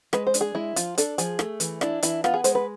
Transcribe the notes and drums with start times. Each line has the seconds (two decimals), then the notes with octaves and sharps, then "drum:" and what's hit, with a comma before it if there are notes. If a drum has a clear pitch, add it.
0.13 G#3 B4, drum: rim click
0.27 C5
0.34 D4, drum: hi-hat
0.41 G#4
0.55 G#3 E4
0.76 F3 F4, drum: hi-hat
0.98 D4 A4, drum: hi-hat
1.18 F3 G#4, drum: hi-hat
1.39 A3, drum: rim click
1.60 E3, drum: hi-hat
1.81 D4 E4, drum: rim click
2.03 E3 E4, drum: hi-hat
2.24 B3 F4, drum: rim click
2.34 G#4
2.44 G#3 C5, drum: hi-hat
2.55 B4